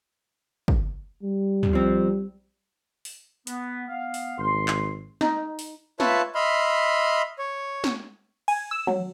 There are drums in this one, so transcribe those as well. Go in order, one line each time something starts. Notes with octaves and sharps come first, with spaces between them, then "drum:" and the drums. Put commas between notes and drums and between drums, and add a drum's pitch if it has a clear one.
drum: kick
G3
drum: tom
F3 C4
drum: open hi-hat
B3, drum: hi-hat
B3 F5
drum: open hi-hat
G#1 C6
drum: clap
D#4, drum: snare
drum: open hi-hat
F4 B4 C#5 E5 A5, drum: snare
D#5 E5 B5 C6 F6
C#5
drum: snare
G#5, drum: cymbal
E6
F#3, drum: tom